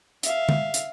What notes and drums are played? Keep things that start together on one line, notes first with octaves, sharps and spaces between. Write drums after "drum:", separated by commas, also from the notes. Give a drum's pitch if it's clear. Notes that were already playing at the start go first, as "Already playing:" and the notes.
E5 F5, drum: hi-hat
drum: tom D3
drum: hi-hat